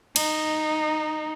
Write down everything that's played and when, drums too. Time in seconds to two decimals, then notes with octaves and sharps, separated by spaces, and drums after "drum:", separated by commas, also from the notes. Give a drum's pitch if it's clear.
0.16 D#4, drum: cymbal